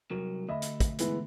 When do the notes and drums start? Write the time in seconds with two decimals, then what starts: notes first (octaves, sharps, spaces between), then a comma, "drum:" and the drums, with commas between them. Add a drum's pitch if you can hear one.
0.11 C2 F#3 A#4
0.49 D2 D#5 E5 B5
0.62 drum: hi-hat
0.80 drum: kick, hi-hat
0.99 E3 G#3 B3, drum: hi-hat